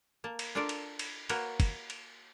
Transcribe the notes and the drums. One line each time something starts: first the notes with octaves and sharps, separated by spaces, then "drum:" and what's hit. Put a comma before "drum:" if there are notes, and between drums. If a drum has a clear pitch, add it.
A#3 A5
drum: cymbal
D4 F4 A4 A#4 D5
drum: cymbal
drum: cymbal
A#3 F#4 A#4 B4 C#5, drum: cymbal
drum: kick, cymbal
drum: cymbal